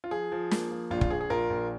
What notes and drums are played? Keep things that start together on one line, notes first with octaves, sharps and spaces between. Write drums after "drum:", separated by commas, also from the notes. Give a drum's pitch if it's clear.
F4
F3 G#4
F3
A#3, drum: snare
F3
A#1 F4
F4, drum: kick
A#1 G#4
G#4
A#1 F4 A#4
A#1